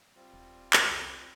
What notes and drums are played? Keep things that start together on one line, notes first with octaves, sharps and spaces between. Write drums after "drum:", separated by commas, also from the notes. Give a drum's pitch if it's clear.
G3 C4 F4
D#1
E2, drum: clap
C2